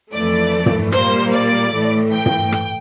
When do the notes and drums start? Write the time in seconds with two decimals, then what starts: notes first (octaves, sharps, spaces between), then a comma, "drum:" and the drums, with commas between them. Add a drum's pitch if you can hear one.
0.13 F2 E3 A3 D5
0.66 drum: tom
0.92 A#2 G3 A#3 C5, drum: rim click
1.32 D5
1.73 A2 E3 A3
2.12 G5
2.26 drum: tom
2.52 drum: rim click